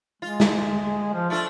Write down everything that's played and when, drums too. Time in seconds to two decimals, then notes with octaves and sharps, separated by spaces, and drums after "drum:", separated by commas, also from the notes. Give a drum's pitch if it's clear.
0.22 G#3 F4
0.40 drum: snare
1.13 F3
1.30 A3 D4 F4 A4